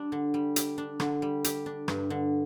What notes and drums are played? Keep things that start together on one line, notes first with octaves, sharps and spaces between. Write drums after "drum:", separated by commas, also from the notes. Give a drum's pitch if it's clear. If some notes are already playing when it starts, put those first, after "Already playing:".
Already playing: G3 D4
D3
G3
G4, drum: hi-hat
D4
D3, drum: rim click
G3
G4, drum: hi-hat
D4
G2, drum: rim click
D3